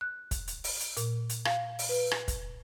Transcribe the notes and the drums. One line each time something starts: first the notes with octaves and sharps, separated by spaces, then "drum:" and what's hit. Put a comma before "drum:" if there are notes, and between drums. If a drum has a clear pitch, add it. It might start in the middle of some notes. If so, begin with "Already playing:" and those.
F#6
drum: kick, hi-hat
drum: hi-hat
drum: open hi-hat
drum: hi-hat
A#2, drum: hi-hat
drum: hi-hat
F5, drum: rim click
drum: open hi-hat
B4
drum: rim click
drum: kick, hi-hat